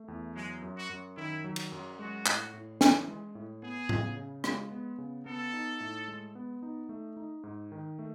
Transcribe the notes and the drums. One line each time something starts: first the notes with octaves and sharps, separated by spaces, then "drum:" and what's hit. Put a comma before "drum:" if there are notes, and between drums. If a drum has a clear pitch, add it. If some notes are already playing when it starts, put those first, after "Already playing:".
Already playing: A3
E2
F#3 G#3
F#2
F#4
F#2
D#3 E4
F#3
drum: cymbal
F#2
G#3 F#4
A2, drum: clap
A2
E3, drum: snare
G#3
A2
B3 G#4
C#3, drum: tom A2
C#3
G#3, drum: rim click
B3
C#3
B3 A4
D#4
A2
G#3
B3
D#4
A3
D#4
G#2
D#3
A3